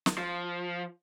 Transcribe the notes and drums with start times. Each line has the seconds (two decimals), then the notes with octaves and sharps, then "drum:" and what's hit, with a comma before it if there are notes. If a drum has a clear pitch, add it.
0.06 drum: snare
0.18 F3